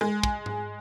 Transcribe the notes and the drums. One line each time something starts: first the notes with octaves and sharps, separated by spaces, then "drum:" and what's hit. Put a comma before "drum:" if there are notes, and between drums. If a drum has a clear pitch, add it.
G#3
drum: kick
drum: tom G#2